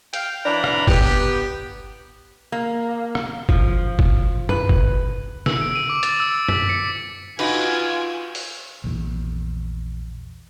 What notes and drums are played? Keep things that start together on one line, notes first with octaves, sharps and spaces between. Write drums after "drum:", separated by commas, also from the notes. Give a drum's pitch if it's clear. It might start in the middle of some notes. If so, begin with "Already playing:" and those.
F5 G5, drum: hi-hat
E3 D4 C#5 A#5 B5
drum: rim click
B3 G4, drum: kick
A#3
drum: rim click
F3, drum: kick
drum: kick
B4, drum: tom F#2
drum: kick
E6, drum: snare
D7
D#7
D6
A6, drum: hi-hat
E6
B6, drum: tom F#2
C#7
D#4 F4 F#4 B4 G#5, drum: cymbal
drum: open hi-hat
A#1 E2